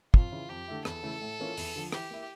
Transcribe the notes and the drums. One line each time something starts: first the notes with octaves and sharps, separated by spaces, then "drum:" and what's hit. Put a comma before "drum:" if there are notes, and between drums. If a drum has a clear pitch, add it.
F2 F4, drum: kick
C#3 E3
F2 G4
D3 A3 E4
E2 A4, drum: rim click
C#3 E3 A3 E4
A2
E3 A#3 C#4 F4
E2, drum: open hi-hat
D3 F3
E3 G4, drum: rim click
A#3 E4